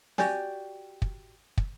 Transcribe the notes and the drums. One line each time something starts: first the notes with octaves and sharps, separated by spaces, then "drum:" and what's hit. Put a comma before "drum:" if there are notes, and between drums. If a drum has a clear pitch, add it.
F#4 G4 D5 G#5, drum: snare
drum: kick
drum: kick